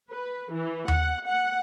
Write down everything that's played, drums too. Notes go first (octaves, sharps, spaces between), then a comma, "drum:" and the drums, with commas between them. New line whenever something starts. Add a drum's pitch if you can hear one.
B4
E3
F#5, drum: tom D#2
F#5